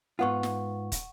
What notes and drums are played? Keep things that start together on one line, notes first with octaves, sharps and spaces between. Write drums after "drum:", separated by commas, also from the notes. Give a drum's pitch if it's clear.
G#2 B3 F4 F#5 C#6
drum: snare
drum: kick, hi-hat